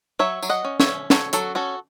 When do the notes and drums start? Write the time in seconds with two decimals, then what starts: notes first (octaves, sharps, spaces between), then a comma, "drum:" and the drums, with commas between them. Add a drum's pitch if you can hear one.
0.19 F#3 C#5 E5
0.43 F#3, drum: tambourine
0.50 D#5 F#5
0.65 C#4
0.80 C#5 E5, drum: snare
0.88 C#4
1.10 F#3 A4 C#5, drum: snare
1.33 F#3 F#4 A4, drum: hi-hat
1.55 C#4 F#4 A4